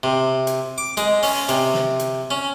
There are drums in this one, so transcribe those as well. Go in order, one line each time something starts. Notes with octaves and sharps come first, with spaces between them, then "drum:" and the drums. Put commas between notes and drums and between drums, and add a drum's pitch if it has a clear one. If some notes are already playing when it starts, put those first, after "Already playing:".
C3
drum: hi-hat
D6
G#3, drum: hi-hat
C#4, drum: open hi-hat
C3, drum: hi-hat
drum: snare
drum: hi-hat
C#4